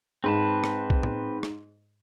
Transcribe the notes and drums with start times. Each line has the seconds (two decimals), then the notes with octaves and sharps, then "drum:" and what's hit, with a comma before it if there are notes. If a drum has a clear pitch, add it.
0.24 G#2 C4 B4 A5
0.64 drum: rim click
0.90 drum: kick
1.03 drum: tom A2
1.43 drum: rim click